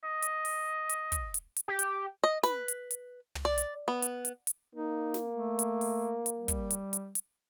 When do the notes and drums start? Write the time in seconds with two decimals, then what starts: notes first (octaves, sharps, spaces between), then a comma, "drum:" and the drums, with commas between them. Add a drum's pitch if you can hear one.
0.04 D#5
0.22 drum: hi-hat
0.45 drum: open hi-hat
0.89 drum: hi-hat
1.12 drum: kick, hi-hat
1.34 drum: hi-hat
1.56 drum: hi-hat
1.68 G4
1.79 drum: hi-hat
2.24 D#5
2.43 B4, drum: snare
2.68 drum: hi-hat
2.91 drum: hi-hat
3.35 drum: tom
3.45 D5
3.58 drum: hi-hat
3.88 B3
4.02 drum: hi-hat
4.25 drum: hi-hat
4.47 drum: hi-hat
4.75 A#3 D#4
5.14 drum: snare
5.33 A3
5.59 drum: hi-hat
5.81 drum: open hi-hat
6.26 drum: hi-hat
6.38 G3
6.48 drum: kick, hi-hat
6.70 drum: hi-hat
6.93 drum: hi-hat
7.15 drum: hi-hat